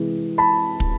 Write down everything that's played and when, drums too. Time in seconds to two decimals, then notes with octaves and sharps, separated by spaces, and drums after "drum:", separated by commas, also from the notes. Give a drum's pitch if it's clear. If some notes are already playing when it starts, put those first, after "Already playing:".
Already playing: C3 E3 G#3
0.38 A5 B5
0.80 drum: kick